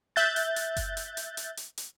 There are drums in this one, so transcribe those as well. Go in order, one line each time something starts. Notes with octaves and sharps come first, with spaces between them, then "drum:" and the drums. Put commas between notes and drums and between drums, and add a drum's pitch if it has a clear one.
E5 F#6 G6 A6
drum: hi-hat
drum: hi-hat
drum: kick F#1, hi-hat
drum: hi-hat
drum: hi-hat
drum: hi-hat
drum: hi-hat
drum: hi-hat